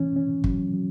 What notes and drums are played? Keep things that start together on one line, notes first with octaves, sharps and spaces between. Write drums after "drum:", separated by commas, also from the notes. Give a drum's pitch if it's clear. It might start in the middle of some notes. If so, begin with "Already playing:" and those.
Already playing: E3 C#4
C#4
F#3, drum: kick G1
F#3